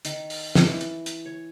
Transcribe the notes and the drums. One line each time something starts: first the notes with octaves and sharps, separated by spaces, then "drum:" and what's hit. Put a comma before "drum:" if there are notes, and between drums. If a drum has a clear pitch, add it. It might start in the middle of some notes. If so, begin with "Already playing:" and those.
D#3, drum: hi-hat
drum: open hi-hat
drum: snare
E3
drum: hi-hat
drum: hi-hat
C#5